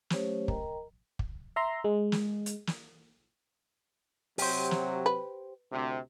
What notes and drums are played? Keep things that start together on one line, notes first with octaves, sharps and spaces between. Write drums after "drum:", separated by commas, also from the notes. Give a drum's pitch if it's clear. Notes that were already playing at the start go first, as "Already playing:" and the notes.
F#3 A3 C#4 G4 C5 C#5, drum: snare
A#4 D#5 G5 A#5, drum: kick
drum: kick
E5 A#5 C6
G#3
drum: snare
drum: hi-hat
drum: snare
C3 F#3 G4 C5, drum: open hi-hat
drum: snare
B4
D2 C3